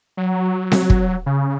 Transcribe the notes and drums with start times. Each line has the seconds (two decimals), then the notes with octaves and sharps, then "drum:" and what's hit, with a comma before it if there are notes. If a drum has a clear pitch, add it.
0.17 F#3
0.72 drum: snare C4
0.90 drum: kick
1.26 C#3